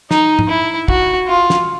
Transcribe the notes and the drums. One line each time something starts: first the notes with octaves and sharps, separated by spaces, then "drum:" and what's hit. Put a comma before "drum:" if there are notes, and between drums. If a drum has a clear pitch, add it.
D#4, drum: snare
drum: tom G#2
E4
F#4, drum: kick
F4
drum: snare